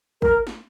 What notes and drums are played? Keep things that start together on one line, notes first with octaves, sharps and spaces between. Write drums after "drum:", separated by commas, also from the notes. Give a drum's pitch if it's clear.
A#4, drum: kick
drum: snare